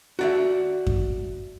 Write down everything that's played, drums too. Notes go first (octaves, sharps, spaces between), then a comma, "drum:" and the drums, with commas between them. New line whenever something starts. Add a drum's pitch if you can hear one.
F#4 D5 E5
drum: kick F#2